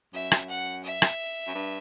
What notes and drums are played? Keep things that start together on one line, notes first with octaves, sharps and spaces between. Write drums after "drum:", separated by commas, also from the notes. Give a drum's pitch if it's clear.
F#2 E5
drum: rim click
F#5
E5
drum: rim click
F#2
G2